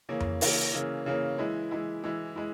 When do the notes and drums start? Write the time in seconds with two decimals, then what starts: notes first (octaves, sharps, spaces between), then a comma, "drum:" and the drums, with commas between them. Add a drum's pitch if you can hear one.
0.09 C#3 E3 A#3 C#4
0.20 drum: tom F2
0.41 C#3 E3 A#3 C#4, drum: open hi-hat
0.73 C#3 E3 A#3 C#4
1.06 C#3 E3 A#3 C#4
1.38 E3 G#3 E4
1.71 E3 G#3 E4
2.04 E3 G#3 E4
2.36 G#3 E4